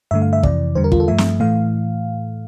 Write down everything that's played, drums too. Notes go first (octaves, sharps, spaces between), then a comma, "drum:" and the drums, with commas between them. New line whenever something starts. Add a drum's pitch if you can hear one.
G2 D3 A3 E5
F5
E5
F2 C3 E3 D5, drum: kick
E2 D3 G3 C5
A#4
F4, drum: kick
A4
G2 F3 A3 E5
drum: snare
A2 E3 A3 F5